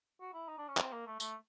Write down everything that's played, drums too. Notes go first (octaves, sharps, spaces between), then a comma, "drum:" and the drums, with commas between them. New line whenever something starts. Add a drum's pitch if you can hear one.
F#4
E4
D#4
D4
C#4
C4, drum: clap
A#3
A3
A3, drum: tambourine